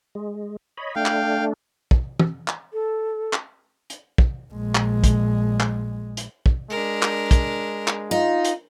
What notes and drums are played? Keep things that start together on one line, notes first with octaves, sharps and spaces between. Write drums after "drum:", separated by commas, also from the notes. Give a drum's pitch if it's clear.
G#3
C#5 D#5 B5
A3 D4 F5 G5
drum: clap
drum: kick
drum: tom
drum: clap
A4
drum: clap
drum: hi-hat
drum: kick
A#1 G#3
drum: clap
drum: kick, hi-hat
drum: clap
drum: hi-hat
drum: kick
G#3 D4 A#4
drum: clap
drum: kick, hi-hat
drum: clap
D#4 F4
drum: hi-hat